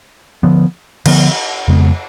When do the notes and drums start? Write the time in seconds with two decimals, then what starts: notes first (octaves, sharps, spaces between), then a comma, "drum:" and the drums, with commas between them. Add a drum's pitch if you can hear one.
0.43 D3 F3 B3
1.06 D3 F3 B3, drum: cymbal
1.68 F2 C#3 G#3 B3